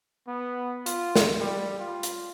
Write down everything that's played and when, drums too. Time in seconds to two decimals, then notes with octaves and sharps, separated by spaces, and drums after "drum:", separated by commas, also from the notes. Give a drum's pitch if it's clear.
0.28 B3
0.86 F4, drum: hi-hat
1.16 drum: snare
1.40 G3
1.80 F4
2.03 drum: hi-hat